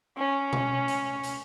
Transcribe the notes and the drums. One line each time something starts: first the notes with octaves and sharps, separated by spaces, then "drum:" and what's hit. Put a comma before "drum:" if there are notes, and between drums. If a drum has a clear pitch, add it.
C#4
drum: tom B2
drum: hi-hat
drum: hi-hat